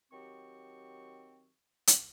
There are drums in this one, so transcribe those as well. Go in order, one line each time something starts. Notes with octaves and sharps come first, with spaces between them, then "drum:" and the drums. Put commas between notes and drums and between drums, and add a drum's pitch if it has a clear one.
D#3 F#3 C4 G4 C#6
drum: hi-hat